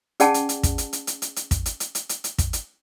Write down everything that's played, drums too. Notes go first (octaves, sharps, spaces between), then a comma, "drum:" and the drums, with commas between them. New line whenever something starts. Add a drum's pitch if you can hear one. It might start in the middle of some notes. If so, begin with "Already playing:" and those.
C#4 G#4 D5 F#5 G#5 A5, drum: hi-hat
drum: hi-hat
drum: hi-hat
drum: kick, hi-hat
drum: hi-hat
drum: hi-hat
drum: hi-hat
drum: hi-hat
drum: hi-hat
drum: kick, hi-hat
drum: hi-hat
drum: hi-hat
drum: hi-hat
drum: hi-hat
drum: hi-hat
drum: kick, hi-hat
drum: hi-hat